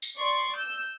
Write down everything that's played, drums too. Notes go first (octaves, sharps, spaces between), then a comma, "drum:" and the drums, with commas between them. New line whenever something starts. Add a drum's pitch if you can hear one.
drum: tambourine
D5 C6 C#6
E6 G6